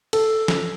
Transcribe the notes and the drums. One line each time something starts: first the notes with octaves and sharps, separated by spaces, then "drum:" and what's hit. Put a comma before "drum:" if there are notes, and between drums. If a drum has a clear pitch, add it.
A4, drum: cymbal
drum: snare